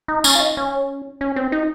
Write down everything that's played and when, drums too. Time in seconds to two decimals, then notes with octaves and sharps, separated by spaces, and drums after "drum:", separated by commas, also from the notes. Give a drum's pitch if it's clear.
0.08 D#4
0.24 C#4, drum: tambourine
0.35 F4
0.40 D#4
0.57 C#4
1.21 C#4
1.36 C4
1.52 D#4